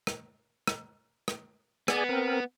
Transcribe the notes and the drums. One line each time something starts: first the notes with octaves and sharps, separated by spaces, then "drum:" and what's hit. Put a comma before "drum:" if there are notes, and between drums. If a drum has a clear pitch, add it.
drum: rim click
drum: rim click
drum: rim click
B3 G#4 D5 G#5, drum: rim click
C4 A#4